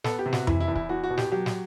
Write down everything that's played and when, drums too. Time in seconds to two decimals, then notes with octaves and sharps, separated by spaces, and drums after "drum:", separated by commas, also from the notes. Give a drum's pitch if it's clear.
0.04 B3 A4, drum: snare
0.19 G4
0.26 C3
0.33 F#4, drum: snare
0.47 E3 E4, drum: tom F2
0.60 E4
0.68 E2
0.75 E4, drum: kick
0.89 E2 F#4
1.04 F#4
1.10 B2
1.17 G4, drum: snare
1.32 F#3 G4
1.46 drum: snare